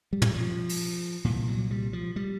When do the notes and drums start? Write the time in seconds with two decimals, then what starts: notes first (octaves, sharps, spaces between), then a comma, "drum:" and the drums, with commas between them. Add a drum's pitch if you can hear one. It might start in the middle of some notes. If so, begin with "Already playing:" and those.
0.13 G3
0.22 drum: tom
0.34 F3
0.69 drum: open hi-hat
1.25 C2 A#2 E3
1.48 F#3
1.71 G3
1.93 F3
2.16 G3